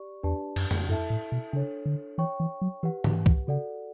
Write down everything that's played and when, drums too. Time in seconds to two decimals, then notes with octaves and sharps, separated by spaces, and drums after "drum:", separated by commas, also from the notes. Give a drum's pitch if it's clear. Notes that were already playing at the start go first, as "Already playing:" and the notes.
Already playing: G4 D5 C#6
0.23 E2 D4 G4 B4 D5 A5
0.56 F#2, drum: cymbal
0.71 drum: tom F2
0.88 G2 E4 A4 E5 A5
1.10 A2
1.32 B2
1.53 C#3 D4 A4 C#5
1.86 D3
2.18 E3 C#5 G5 C#6
2.40 E3
2.62 F#3
2.83 E3 G4 B4 F#5
3.04 D3, drum: tom
3.26 E3, drum: kick
3.47 C#3 F#4 A4 D5 F#5